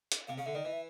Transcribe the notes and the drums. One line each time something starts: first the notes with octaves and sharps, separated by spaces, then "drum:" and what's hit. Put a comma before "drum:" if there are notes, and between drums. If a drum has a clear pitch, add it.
drum: hi-hat
C3 F5
C#3 F5
D3 E5
D#3 D5
E3 D#5
E5